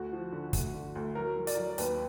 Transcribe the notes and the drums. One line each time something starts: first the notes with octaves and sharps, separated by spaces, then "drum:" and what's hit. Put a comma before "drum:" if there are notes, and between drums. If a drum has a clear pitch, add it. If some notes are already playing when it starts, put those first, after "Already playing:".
Already playing: D2 F#4
F3
D3
D2, drum: kick, hi-hat
D3
D2
F#3 A#4
F#3
D5, drum: hi-hat
F#3
D#2 B4, drum: hi-hat